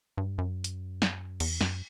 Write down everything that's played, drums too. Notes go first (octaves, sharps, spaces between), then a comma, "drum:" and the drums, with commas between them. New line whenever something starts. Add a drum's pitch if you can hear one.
G2
F#2
drum: hi-hat
drum: snare
E2, drum: cymbal
F#2, drum: snare